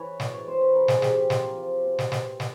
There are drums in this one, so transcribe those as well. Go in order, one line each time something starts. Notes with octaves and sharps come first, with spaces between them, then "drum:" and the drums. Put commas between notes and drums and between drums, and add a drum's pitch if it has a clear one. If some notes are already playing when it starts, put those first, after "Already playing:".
Already playing: E3 B4 C#5
B2 D5, drum: snare
C#5
B2 C5
B4
C3 A#4
G#4, drum: snare
C4 G4, drum: snare
F3 F4, drum: snare
F3
B2
drum: snare
B2, drum: snare
drum: snare